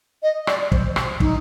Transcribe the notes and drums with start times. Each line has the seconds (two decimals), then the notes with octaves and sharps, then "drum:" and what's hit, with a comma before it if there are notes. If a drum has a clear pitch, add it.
0.23 D#5
0.47 D5, drum: rim click
0.72 C5, drum: kick
0.96 drum: rim click
1.20 D#4, drum: kick